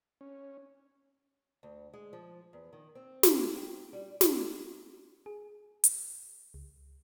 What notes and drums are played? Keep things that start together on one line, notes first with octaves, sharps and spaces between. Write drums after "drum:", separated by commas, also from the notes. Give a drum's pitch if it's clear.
C#4
D2
G#3
F3
E2
D#3
C4
drum: snare
G5
G3
drum: snare
G#4
drum: hi-hat
C#2